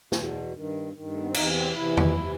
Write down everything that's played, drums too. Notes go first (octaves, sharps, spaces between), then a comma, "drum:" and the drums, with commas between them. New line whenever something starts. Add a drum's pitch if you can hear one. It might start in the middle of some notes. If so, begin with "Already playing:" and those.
E2 B2, drum: snare
G2 D#3
G2 D#3
A3
B3
C4
E2 C3 E3 D#4, drum: cymbal
C4
E2 C3 E3 E4
drum: tom E2
C3 E3